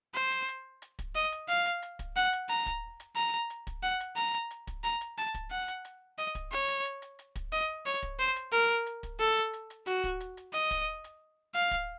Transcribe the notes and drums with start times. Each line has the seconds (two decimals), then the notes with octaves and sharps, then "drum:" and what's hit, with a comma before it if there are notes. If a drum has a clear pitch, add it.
0.15 C5
0.32 drum: hi-hat
0.48 drum: hi-hat
0.82 drum: hi-hat
0.99 drum: kick, hi-hat
1.15 D#5
1.32 drum: hi-hat
1.49 F5, drum: hi-hat
1.66 drum: hi-hat
1.82 drum: hi-hat
1.99 drum: kick, hi-hat
2.16 F#5, drum: hi-hat
2.33 drum: hi-hat
2.49 A#5, drum: hi-hat
2.66 drum: kick, hi-hat
3.00 drum: hi-hat
3.16 A#5, drum: hi-hat
3.50 drum: hi-hat
3.67 drum: kick, hi-hat
3.83 F#5
4.00 drum: hi-hat
4.16 A#5, drum: hi-hat
4.34 drum: hi-hat
4.51 drum: hi-hat
4.67 drum: kick, hi-hat
4.84 A#5, drum: hi-hat
5.01 drum: hi-hat
5.18 A5, drum: hi-hat
5.34 drum: kick, hi-hat
5.51 F#5
5.68 drum: hi-hat
5.85 drum: hi-hat
6.18 D#5, drum: hi-hat
6.35 drum: kick, hi-hat
6.52 C#5
6.68 drum: hi-hat
6.85 drum: hi-hat
7.02 drum: hi-hat
7.19 drum: hi-hat
7.36 drum: kick, hi-hat
7.53 D#5
7.86 C#5, drum: hi-hat
8.03 drum: kick, hi-hat
8.19 C5
8.36 drum: hi-hat
8.52 A#4, drum: hi-hat
8.86 drum: hi-hat
9.03 drum: kick, hi-hat
9.20 A4
9.37 drum: hi-hat
9.53 drum: hi-hat
9.70 drum: hi-hat
9.87 F#4, drum: hi-hat
10.04 drum: kick, hi-hat
10.20 drum: hi-hat
10.37 drum: hi-hat
10.54 D#5, drum: hi-hat
10.71 drum: kick, hi-hat
11.04 drum: hi-hat
11.55 F5, drum: hi-hat
11.71 drum: kick, hi-hat